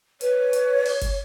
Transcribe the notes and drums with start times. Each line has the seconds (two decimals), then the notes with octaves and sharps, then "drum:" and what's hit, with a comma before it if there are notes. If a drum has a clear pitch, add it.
0.21 B4 C#5, drum: hi-hat
0.53 drum: hi-hat
0.85 drum: open hi-hat
1.02 drum: kick F#1, hi-hat